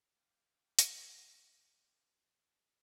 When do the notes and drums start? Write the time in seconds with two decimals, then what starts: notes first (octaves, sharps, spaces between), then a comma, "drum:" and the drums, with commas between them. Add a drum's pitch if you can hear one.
0.14 F5 G5 D6
0.79 drum: hi-hat